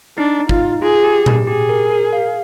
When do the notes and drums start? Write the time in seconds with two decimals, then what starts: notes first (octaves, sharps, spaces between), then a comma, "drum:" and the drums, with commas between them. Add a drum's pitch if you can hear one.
0.17 D4 D#4
0.49 D#4 F4, drum: kick
0.82 F4 G#4
1.04 G4
1.26 G4, drum: tom A#2
1.47 G4 G#4
1.69 A#4
1.91 A#4
2.13 F5